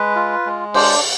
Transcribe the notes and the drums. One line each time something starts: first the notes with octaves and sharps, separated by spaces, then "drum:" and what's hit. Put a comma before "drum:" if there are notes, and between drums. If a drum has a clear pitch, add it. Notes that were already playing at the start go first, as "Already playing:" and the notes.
Already playing: G#3 B4
F4
G#3
D4 C5, drum: cymbal